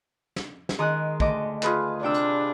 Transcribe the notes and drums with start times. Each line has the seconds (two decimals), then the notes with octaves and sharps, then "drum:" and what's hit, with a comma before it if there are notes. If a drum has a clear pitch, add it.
0.36 drum: snare
0.69 drum: snare
0.79 D#3 G#3 G#4 D#6 F#6
1.20 D2 D#5 D6, drum: kick
1.63 F4 G#4 B4, drum: clap
2.03 C3 D4 G5 E6
2.14 drum: hi-hat